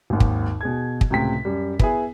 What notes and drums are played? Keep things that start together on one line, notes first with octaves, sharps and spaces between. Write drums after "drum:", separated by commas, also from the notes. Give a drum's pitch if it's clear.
G#1 D#2
drum: kick
B2 G#4 G#6
drum: kick
C#2 A2 C3 G5 B6
F#2 G3
B3 E4 G#4, drum: kick